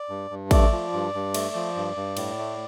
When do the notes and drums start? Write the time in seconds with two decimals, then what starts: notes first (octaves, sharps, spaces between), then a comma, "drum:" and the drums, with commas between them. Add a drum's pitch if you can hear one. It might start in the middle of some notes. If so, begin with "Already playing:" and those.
Already playing: D5
0.09 G2
0.30 G2
0.51 A3 D5, drum: kick A1, cymbal
0.72 F3
0.93 G2
1.14 G2
1.34 A3, drum: cymbal
1.55 F3
1.76 G2
1.96 G2
2.17 A2, drum: cymbal
2.38 A3